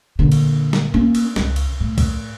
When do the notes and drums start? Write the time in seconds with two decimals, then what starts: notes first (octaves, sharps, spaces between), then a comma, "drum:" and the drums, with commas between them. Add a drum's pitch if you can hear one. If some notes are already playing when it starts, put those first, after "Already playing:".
0.19 A#1 D3
0.32 drum: cymbal
0.73 drum: snare
0.94 A#3 C#4
1.15 drum: cymbal
1.36 C#2, drum: snare
1.56 drum: cymbal
1.80 A2
1.98 drum: kick, cymbal